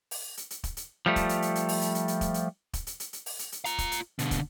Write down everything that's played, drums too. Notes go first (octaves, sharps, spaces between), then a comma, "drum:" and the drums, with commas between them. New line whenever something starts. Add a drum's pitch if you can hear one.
drum: open hi-hat
drum: hi-hat
drum: hi-hat
drum: kick, hi-hat
drum: hi-hat
F3 G3 A3
drum: kick, hi-hat
drum: hi-hat
drum: hi-hat
drum: hi-hat
drum: open hi-hat
drum: hi-hat
drum: hi-hat
drum: hi-hat
drum: kick, hi-hat
drum: hi-hat
drum: kick, hi-hat
drum: hi-hat
drum: hi-hat
drum: hi-hat
drum: open hi-hat
drum: hi-hat
drum: hi-hat
F4 A#5, drum: hi-hat
drum: kick, hi-hat
drum: hi-hat
B2 D3, drum: hi-hat
drum: kick, hi-hat